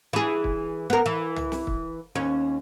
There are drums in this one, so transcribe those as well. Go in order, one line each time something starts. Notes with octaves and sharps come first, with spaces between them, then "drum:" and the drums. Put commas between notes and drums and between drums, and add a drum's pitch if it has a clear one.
E3 G#4
drum: kick
B3 A#4
E3
drum: tom
drum: snare
drum: kick
D#2 C#4